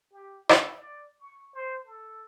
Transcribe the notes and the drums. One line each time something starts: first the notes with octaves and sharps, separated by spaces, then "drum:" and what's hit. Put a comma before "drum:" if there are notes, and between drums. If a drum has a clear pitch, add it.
G4
E4, drum: rim click
D5
C#6
C5
A4